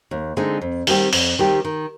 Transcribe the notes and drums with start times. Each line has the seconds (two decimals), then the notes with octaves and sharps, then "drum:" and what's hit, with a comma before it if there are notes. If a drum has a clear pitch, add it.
0.11 D#2
0.37 D3 G#3 C4 D#4
0.61 F2
0.87 D#3 G3 C4 G4, drum: open hi-hat
1.13 F2, drum: open hi-hat
1.39 D#3 G3 C4 G4
1.65 D#3